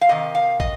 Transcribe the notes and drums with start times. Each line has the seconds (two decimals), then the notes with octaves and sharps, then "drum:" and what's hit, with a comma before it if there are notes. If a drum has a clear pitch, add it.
0.01 F5
0.09 C3 D#3 D#5
0.35 F5
0.60 D#5, drum: kick